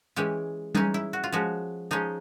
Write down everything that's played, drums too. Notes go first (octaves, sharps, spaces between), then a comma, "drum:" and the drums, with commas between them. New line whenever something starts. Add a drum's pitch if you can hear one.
E3 G#3 C#4 G4
E3 G#3 C#4 D#4, drum: tom G3
E4
F#4
F4
F3 G#3 C#4 F#4
F3 G#3 C#4 D#4